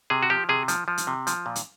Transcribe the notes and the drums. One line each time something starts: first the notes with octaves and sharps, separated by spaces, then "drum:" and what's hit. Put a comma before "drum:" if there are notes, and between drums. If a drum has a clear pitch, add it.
C3 G#4
F#4
F3 G4
C3 G#4
F3, drum: hi-hat
F3
drum: hi-hat
C3
F3, drum: hi-hat
A#2
drum: hi-hat